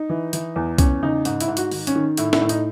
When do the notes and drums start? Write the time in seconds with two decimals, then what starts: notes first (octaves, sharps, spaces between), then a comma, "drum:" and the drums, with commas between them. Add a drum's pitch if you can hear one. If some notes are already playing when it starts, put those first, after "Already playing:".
Already playing: D#4
0.09 E3
0.33 E3, drum: hi-hat
0.56 E2
0.78 E2 C#4, drum: kick B1, hi-hat
1.02 C#3 D#4
1.25 G#2 D#4, drum: hi-hat
1.40 E4, drum: hi-hat
1.48 G#2
1.57 F#4, drum: hi-hat
1.71 D#3, drum: open hi-hat
1.87 C#4, drum: hi-hat
1.95 D#3
2.17 A2 E4, drum: hi-hat
2.33 E4, drum: snare
2.42 A2
2.49 D#4, drum: hi-hat